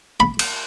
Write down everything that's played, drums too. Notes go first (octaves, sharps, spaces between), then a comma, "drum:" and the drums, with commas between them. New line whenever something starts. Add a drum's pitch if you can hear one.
B5
drum: cymbal